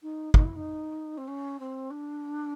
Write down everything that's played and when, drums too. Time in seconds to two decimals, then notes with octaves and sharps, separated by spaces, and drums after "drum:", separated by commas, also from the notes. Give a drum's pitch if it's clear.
0.02 D#4
0.34 D#4, drum: kick
0.44 E4
0.56 D#4
1.17 C4
1.28 C#4
1.60 C4
1.90 D4